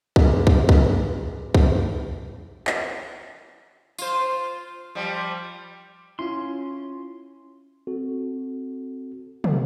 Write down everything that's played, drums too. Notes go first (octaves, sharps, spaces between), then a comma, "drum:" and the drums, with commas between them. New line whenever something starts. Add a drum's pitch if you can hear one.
F#4 G#4 B4, drum: kick
drum: kick
drum: kick
drum: kick
drum: clap
F4 C5, drum: tambourine
F3 G3
C#4 E4 F4 C6
C4 F#4 A4
drum: tom